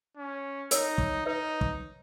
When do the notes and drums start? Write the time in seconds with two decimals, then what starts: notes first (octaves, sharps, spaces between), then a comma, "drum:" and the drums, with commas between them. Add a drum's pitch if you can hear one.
0.17 C#4
0.71 D#4 A#4 C#5, drum: hi-hat
0.98 drum: kick
1.26 D#4 B4 D#5
1.61 drum: kick